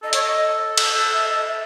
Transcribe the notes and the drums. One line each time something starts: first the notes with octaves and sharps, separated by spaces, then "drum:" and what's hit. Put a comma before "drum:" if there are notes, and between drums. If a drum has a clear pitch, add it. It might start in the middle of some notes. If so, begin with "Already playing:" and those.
A4 D#5
C#5, drum: hi-hat
D#5
drum: cymbal
E5
D#5
E5